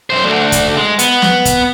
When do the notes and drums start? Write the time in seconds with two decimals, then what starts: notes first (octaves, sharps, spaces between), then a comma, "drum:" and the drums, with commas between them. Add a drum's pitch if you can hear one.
0.10 F#2 C5
0.24 D2 D3
0.52 drum: kick, hi-hat
0.77 G#3
0.99 B3, drum: hi-hat
1.22 drum: snare
1.45 drum: kick, hi-hat